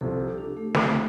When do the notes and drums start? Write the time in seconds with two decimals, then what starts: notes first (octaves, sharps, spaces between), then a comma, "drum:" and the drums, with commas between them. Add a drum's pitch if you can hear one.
0.01 C2 C3 F3 A4
0.20 G4
0.38 D4
0.57 A3
0.74 C2 C3 F3, drum: snare